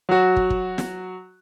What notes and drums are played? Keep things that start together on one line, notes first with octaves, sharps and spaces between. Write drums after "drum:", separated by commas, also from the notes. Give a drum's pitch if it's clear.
F#3 F#4
drum: kick
drum: kick
drum: snare